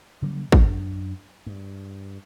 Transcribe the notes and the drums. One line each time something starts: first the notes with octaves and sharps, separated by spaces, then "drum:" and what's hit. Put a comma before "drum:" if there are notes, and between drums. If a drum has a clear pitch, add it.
C#3 F#3 G3 A#3
F#2 D4, drum: kick
G2